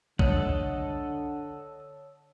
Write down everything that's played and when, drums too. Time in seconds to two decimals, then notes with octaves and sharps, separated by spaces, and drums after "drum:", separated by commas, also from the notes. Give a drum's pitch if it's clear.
0.19 D3 A4 C#5 D#5 F#5, drum: kick